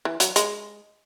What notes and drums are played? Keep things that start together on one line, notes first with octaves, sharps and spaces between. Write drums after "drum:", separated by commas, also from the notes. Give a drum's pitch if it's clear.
E3
F#3, drum: hi-hat
G#3, drum: hi-hat